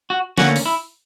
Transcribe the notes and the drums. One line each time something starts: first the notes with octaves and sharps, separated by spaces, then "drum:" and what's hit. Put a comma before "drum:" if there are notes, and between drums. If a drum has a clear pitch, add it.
F#4
D2 D3 A#3 C#4 F#4, drum: snare
drum: open hi-hat
E4